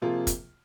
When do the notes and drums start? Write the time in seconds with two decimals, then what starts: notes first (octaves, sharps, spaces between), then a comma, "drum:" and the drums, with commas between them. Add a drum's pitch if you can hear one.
0.02 C3 F3 A#3 F4 G#4
0.27 drum: kick, hi-hat